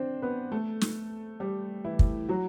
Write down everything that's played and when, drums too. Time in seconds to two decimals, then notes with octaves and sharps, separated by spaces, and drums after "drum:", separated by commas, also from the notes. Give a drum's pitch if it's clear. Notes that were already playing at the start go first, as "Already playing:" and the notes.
Already playing: C4 D4 C5
0.22 B3 B4
0.52 A3 A4
0.81 drum: snare
1.40 G3 G4
1.84 E3 E4
1.99 drum: kick
2.29 F#3 F#4